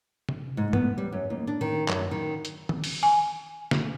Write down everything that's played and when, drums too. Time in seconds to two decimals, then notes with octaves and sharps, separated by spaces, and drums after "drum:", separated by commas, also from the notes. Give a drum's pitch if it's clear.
0.29 drum: tom C3
0.57 G#2
0.73 B3, drum: tom G#2
0.98 G3
1.12 F#2
1.30 D#2
1.47 D4
1.61 D#3
1.89 F#2, drum: clap
2.11 D#3
2.45 drum: hi-hat
2.69 drum: tom D#3
2.84 drum: open hi-hat
3.03 G#5
3.71 drum: snare